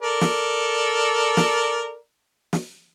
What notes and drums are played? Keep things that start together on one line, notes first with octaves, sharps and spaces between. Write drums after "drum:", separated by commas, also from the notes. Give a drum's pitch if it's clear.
A4 A#4 D5
drum: snare
drum: snare
drum: snare